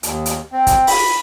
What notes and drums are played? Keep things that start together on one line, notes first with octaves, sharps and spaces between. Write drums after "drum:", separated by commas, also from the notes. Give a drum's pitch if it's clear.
D#2, drum: hi-hat
drum: hi-hat
C4
drum: kick, hi-hat
B5, drum: open hi-hat